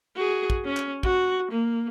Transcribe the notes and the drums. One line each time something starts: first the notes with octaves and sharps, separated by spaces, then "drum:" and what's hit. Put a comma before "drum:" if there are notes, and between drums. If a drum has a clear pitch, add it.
F#4 G#4
drum: kick
C#4
drum: clap
F#4, drum: kick
A#3